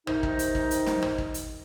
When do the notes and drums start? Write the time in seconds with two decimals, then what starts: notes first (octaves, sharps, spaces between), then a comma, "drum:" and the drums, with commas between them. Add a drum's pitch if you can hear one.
0.07 C3 D#3 D#4, drum: tom G#1
0.23 drum: kick
0.39 drum: hi-hat
0.55 drum: kick
0.71 drum: hi-hat
0.87 drum: snare
1.02 drum: tom G#1
1.18 drum: kick
1.34 drum: hi-hat